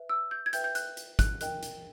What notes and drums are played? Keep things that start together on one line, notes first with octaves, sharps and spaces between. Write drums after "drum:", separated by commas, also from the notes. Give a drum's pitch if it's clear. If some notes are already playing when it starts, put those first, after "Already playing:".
Already playing: B4 E5
E6
G6
G#6
B4 E5 G5 G6, drum: hi-hat
G6
F#6, drum: hi-hat
drum: hi-hat
F#6, drum: kick, hi-hat
A#4 D#5 G5 F#6, drum: hi-hat
drum: hi-hat